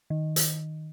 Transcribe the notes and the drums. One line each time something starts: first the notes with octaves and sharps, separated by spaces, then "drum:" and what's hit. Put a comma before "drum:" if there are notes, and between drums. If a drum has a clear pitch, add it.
D#3
drum: hi-hat